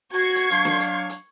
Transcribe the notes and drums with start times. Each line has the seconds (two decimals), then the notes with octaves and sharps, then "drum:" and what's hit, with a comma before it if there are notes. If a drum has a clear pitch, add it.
0.13 F#4 C#6 G#6 C7
0.35 drum: hi-hat
0.50 F#3 D4 F5, drum: hi-hat
0.65 drum: snare
0.80 drum: hi-hat
1.09 drum: hi-hat